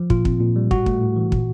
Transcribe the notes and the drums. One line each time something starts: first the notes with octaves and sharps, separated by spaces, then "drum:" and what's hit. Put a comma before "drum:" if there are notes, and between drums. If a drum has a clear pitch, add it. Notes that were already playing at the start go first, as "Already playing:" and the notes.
Already playing: F3
A#2 F4, drum: kick
C4, drum: kick
A#2
G3
A2 F#4, drum: kick
A3, drum: kick
A2
E3
A#2, drum: kick